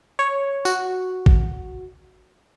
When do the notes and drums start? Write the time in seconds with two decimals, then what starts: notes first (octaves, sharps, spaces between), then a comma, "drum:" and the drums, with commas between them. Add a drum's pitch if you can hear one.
0.19 C#5
0.65 F#4, drum: tambourine
1.26 drum: kick A1